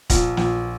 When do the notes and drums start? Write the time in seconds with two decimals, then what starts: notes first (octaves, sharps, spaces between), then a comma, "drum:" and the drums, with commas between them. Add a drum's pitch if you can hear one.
0.10 A#1, drum: kick E1, hi-hat
0.37 A#1, drum: snare